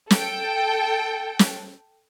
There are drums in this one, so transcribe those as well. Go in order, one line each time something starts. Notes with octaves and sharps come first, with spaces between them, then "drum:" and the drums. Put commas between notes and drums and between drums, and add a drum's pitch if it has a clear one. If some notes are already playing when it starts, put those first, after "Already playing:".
A4 G5, drum: snare
drum: snare